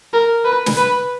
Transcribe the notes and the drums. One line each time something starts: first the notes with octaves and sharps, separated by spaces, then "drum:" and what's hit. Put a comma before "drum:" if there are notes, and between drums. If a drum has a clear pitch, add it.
A#4
B4
drum: snare
B4